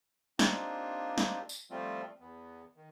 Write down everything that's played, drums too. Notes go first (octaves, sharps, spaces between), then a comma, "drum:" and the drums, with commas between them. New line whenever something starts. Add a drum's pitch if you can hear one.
A#3 C4 D4 D#4 F4 G4, drum: snare
drum: snare
drum: tambourine
F3 G3 A3 C4 F4
E2 B3
D#3